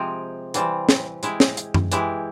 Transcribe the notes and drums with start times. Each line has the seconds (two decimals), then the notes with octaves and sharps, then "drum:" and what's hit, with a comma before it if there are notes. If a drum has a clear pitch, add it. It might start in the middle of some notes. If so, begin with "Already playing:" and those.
Already playing: C3 F3 G#3 C4 G4
0.54 E3 G3 C4, drum: hi-hat
0.89 drum: snare
1.23 G#3 E4 G4, drum: hi-hat
1.40 drum: snare
1.57 drum: hi-hat
1.74 drum: tom F#2
1.92 E3 G#3 E4 G4, drum: hi-hat